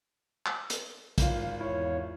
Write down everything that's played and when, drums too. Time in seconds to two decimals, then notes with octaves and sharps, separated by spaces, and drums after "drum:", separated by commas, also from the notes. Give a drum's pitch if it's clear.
0.46 drum: clap
0.70 drum: hi-hat
1.18 G#1 F4, drum: kick, hi-hat
1.61 E2 E4 C#5